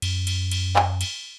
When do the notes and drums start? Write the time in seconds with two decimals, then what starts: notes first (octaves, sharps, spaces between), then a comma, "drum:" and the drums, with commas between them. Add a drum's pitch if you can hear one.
0.02 F#2, drum: cymbal
0.27 drum: cymbal
0.51 drum: cymbal
0.76 drum: clap
1.01 drum: cymbal